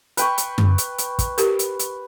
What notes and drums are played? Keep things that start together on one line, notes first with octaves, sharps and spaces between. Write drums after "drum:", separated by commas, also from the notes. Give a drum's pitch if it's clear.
B4 G5 C#6, drum: hi-hat
drum: hi-hat
drum: tom F#2
drum: hi-hat
drum: hi-hat
drum: kick, hi-hat
G4 A#4, drum: hi-hat
drum: hi-hat
drum: hi-hat